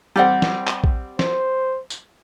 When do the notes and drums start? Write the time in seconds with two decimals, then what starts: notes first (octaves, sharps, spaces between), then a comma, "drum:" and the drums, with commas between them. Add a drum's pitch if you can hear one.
0.16 G3 C4 G4 D5 F#5
0.42 drum: snare
0.67 drum: clap
0.84 drum: kick A#1
1.19 C5, drum: snare
1.90 drum: tambourine